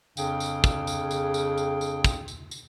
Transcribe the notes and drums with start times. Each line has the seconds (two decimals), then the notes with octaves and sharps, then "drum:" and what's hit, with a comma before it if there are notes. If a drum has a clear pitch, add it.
0.17 F2 C#3 D4 G#4 G5, drum: tambourine
0.40 drum: tambourine
0.64 drum: kick, tambourine
0.87 drum: tambourine
1.11 drum: tambourine
1.34 drum: tambourine
1.58 drum: tambourine
1.81 drum: tambourine
2.04 drum: kick, tambourine
2.28 drum: tambourine
2.51 drum: tambourine